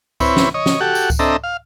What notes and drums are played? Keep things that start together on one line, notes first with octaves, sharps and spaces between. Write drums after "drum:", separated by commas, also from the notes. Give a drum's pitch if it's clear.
C4 E4 B4 C#5, drum: kick C#2, tambourine
drum: snare
C#5 D#5
drum: snare
F#4 G4 A4 F#5
drum: tambourine
drum: kick C#2, tambourine
C4 D4 A4 D#5 E5 A#5
F5